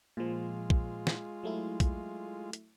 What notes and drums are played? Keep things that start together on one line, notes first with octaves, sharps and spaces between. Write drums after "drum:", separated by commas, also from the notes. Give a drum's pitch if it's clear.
A#2 F3 G#3 F4
drum: kick
drum: snare
F#3 A3 E4
drum: kick, hi-hat
drum: hi-hat